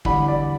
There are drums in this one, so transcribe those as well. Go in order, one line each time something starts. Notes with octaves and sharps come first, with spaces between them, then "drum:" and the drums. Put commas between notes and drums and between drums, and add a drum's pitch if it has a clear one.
E2 D3 G3 B5, drum: kick
D5